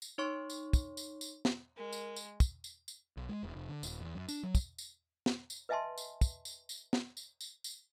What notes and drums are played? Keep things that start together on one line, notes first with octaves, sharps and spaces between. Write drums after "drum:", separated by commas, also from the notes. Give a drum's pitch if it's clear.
drum: tambourine
D#4 C#5 C6 C#6
drum: tambourine
drum: kick, tambourine
drum: tambourine
drum: tambourine
drum: snare
G#3 A#4
drum: tambourine
drum: tambourine
drum: kick, tambourine
drum: tambourine
drum: tambourine
B1
G#3
E1
F1
D3
D#1, drum: tambourine
E2
F#2
D4, drum: tambourine
F#3
drum: kick, tambourine
drum: tambourine
drum: snare
drum: tambourine
B4 D#5 E5 G#5 A5 C6
drum: tambourine
drum: kick, tambourine
drum: tambourine
drum: tambourine
drum: snare
drum: tambourine
drum: tambourine
drum: tambourine